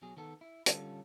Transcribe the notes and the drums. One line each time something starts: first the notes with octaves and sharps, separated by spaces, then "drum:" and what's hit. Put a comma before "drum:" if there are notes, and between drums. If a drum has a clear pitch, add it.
B1 B2 F#3 G#4
D#3 B3 A4
E4
D3 G3 C#4 F4 A4, drum: hi-hat